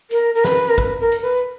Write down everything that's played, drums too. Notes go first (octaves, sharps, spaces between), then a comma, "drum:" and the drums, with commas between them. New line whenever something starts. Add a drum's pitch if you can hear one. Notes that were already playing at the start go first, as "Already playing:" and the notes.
A#4, drum: hi-hat
A#4
B4, drum: snare
A#4
B4, drum: kick
A#4
drum: hi-hat
B4